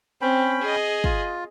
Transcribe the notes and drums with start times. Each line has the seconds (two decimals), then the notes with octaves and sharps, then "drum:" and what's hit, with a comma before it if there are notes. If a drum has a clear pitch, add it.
0.21 C4 C#4 G5 B5
0.62 G#4 D#5
1.04 F4, drum: kick